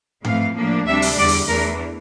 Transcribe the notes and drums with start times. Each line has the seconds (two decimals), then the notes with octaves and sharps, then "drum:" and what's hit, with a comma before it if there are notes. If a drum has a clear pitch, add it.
0.25 F2 E3 A3 C4 F5, drum: tom G#2
0.56 A2 F3 A#3 D4
0.87 D2 C3 G3 D4 E5
1.02 drum: open hi-hat
1.17 E2 D3 G3 D5
1.28 drum: open hi-hat
1.48 E2 E3 A3 D4 A#4